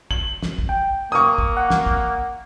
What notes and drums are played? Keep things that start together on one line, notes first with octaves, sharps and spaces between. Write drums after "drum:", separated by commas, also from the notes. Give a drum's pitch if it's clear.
F#7, drum: kick
drum: snare
drum: kick
G5
A#3 C#6 D#6
drum: kick
F#5
drum: snare
drum: kick